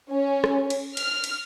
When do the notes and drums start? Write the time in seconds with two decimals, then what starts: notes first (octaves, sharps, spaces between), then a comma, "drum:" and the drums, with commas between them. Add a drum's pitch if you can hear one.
0.11 C#4
0.44 drum: rim click
0.70 drum: cymbal
0.97 F6, drum: cymbal
1.24 drum: cymbal